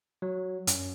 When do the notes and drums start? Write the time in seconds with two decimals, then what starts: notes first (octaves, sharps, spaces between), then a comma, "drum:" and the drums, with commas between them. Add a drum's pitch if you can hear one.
0.22 F#3
0.67 F#2, drum: hi-hat